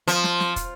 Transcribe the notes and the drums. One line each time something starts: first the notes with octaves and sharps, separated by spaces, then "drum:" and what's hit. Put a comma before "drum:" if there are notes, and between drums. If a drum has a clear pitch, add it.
F3, drum: hi-hat
drum: snare
drum: snare
drum: kick, hi-hat